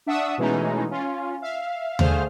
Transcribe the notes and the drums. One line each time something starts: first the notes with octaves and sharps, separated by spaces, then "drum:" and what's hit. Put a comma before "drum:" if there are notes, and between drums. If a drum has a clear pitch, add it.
D4 E5 F#5 C#6 D#6 E6
B2 E3 G#3 A3 C#4 D#4
C#4 F4
E5 F5
D3 A3 G#4 C5 F5 F6, drum: tom D#2